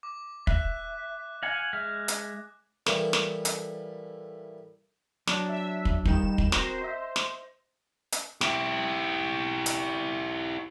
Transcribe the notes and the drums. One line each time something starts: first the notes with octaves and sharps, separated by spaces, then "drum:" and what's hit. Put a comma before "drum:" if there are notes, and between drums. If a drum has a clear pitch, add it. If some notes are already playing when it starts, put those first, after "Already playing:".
D6
E5 F#6, drum: kick
F5 F#5 G#5
G#3 E5 F6
drum: hi-hat
A2 E3 G3 A3 A#3, drum: snare
drum: snare
drum: hi-hat
F#3 D4 D5, drum: snare
E5
drum: kick
D#3 G3 D#4 E7, drum: kick
drum: kick
C4 F#4 A#4 C5, drum: snare
D#5 E5
drum: snare
drum: hi-hat
E4 G4, drum: snare
drum: hi-hat